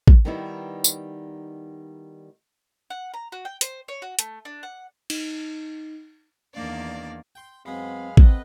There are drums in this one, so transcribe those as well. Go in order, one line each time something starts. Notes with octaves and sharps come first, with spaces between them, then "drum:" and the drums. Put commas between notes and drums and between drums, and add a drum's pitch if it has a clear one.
drum: kick
D#3 G3 B3 D#4 E4
drum: tambourine
F#5
A#5
F#4
G5
C5, drum: hi-hat
C#5
F#4
A3, drum: hi-hat
D4
F#5
D#4, drum: cymbal
E2 D#3 A#3 D4 D5 F5
G5 C6
F#2 G#3 B3 C4 G#4 F5 B5
A3 B3 C4 B4 D#5, drum: kick